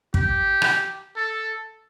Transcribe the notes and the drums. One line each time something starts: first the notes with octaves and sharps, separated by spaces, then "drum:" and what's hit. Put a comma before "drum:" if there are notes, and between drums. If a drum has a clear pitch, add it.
G4, drum: kick
drum: rim click
A4